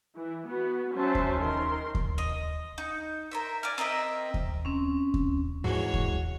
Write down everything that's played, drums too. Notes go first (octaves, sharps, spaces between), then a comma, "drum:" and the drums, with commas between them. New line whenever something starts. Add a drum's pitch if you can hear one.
E3
B3 F#4
F#3 C#4 C5 E5 A5
drum: kick D#2
D#3 A#4 C6
drum: kick D#2
D#5
D#4
A#4 C5 E5
D5 G#5 F6
C4 A#4 D#5 E5
drum: kick D#2
C4 C#4
drum: kick D#2
G#2 E3 F3 G#3 F#4 C#5
drum: kick D#2